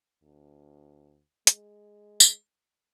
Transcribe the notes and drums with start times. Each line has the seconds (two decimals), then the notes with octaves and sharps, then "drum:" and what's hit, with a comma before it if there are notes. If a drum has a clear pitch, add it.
0.23 D2
1.47 G#3, drum: hi-hat
2.20 drum: tambourine